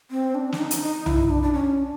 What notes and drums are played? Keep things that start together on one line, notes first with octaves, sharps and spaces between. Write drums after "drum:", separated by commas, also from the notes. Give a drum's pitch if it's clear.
C4
D4
D4, drum: snare
D#4
drum: hi-hat
D#4
E4, drum: tom
D4
D4
C#4
D4